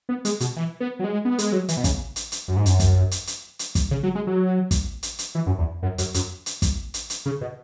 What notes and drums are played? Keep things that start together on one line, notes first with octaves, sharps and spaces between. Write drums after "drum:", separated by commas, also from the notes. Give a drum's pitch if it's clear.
B3
G#3, drum: hi-hat
B2, drum: hi-hat
E3
B3
F#3
G#3
B3
G#3, drum: hi-hat
F#3
E3, drum: hi-hat
B2
C#3, drum: kick, hi-hat
drum: hi-hat
drum: hi-hat
F#2
G#2
F#2, drum: hi-hat
drum: kick, hi-hat
drum: hi-hat
drum: hi-hat
drum: hi-hat
drum: kick, hi-hat
C#3
F#3
G#3
F#3
drum: kick, hi-hat
drum: hi-hat
drum: hi-hat
E3
F#2
E2
F#2
F#2, drum: hi-hat
F#2, drum: hi-hat
drum: hi-hat
drum: kick, hi-hat
drum: hi-hat
drum: hi-hat
C#3
B2